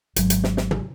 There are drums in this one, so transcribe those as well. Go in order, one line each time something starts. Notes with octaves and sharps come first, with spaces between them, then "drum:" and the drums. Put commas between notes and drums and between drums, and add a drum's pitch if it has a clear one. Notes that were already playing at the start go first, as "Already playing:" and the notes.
G#1 F#3, drum: hi-hat
drum: hi-hat
drum: snare
drum: snare
drum: tom